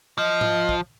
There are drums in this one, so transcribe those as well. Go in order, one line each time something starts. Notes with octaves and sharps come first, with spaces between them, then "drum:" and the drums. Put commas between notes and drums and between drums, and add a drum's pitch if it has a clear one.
F3 D#5
drum: tom G#2
drum: kick